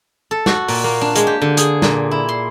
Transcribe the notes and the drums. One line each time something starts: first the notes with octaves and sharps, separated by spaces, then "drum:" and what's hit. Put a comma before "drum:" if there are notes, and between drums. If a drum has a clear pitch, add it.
A4
F#4, drum: snare
A#2, drum: open hi-hat
A#3
D4
G#3, drum: hi-hat
G4
D3
G#4, drum: hi-hat
A#2, drum: snare
E4
C6